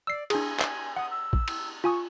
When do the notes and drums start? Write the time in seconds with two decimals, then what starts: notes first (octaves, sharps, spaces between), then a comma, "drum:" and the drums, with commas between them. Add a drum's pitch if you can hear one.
0.07 D5 E6 C7
0.30 D4 G#4 G#5, drum: cymbal
0.60 drum: clap
0.96 F#5 D#6
1.11 E6
1.33 drum: kick
1.48 drum: cymbal
1.84 F4 G#5 C#6 D#6